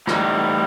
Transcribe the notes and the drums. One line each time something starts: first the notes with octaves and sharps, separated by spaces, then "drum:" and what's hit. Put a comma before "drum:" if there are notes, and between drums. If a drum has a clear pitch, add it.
A2 E3 G3 D#4, drum: rim click